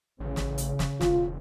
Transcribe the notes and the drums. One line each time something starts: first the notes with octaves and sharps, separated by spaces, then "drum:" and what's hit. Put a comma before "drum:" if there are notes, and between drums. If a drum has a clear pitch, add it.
A1 C#3
drum: snare
drum: hi-hat
drum: snare
E1 F4, drum: snare